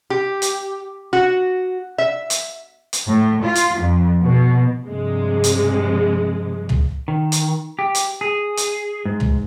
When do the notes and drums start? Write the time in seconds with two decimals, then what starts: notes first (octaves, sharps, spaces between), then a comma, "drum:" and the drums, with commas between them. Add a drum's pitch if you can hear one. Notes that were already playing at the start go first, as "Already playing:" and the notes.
0.10 G4
0.42 drum: hi-hat
1.13 F#4
1.98 E5
2.30 drum: hi-hat
2.93 drum: hi-hat
3.08 A2
3.42 F4
3.55 drum: hi-hat
3.80 F2
4.23 B2
4.86 G2 C3 F3 G#3
5.44 drum: hi-hat
6.69 drum: tom
7.08 D#3
7.32 drum: hi-hat
7.79 G4
7.95 drum: hi-hat
8.21 G#4
8.57 drum: hi-hat
9.05 G#2
9.20 drum: tom